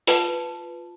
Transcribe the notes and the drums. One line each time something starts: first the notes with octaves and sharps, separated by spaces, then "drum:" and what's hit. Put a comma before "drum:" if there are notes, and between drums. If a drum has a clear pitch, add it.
F4 B4 A5, drum: open hi-hat